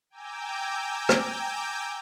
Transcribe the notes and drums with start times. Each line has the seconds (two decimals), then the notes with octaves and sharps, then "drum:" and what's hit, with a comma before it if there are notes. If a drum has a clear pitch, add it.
0.10 G5 G#5 A#5 D6 E6 G6
1.09 drum: rim click